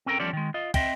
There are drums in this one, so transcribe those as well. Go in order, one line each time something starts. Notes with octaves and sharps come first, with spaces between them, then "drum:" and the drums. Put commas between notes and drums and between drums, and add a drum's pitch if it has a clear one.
C4 C#4 A4 A#4 G5 A#5
E2 F3 G3 C#4 A4 D5
D#3 G#3
F4 D#5
C4 D#5 E5 G5, drum: kick, cymbal